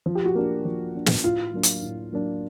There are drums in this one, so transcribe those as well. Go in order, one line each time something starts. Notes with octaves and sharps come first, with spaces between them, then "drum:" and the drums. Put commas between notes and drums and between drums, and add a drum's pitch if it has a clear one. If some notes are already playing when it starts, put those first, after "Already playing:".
F3
G4
F#4
A#3 D4
F3
A#3 D4
drum: snare
A2 F4
F#3 A#3 D4
drum: hi-hat
A2
F#3 A#3 D4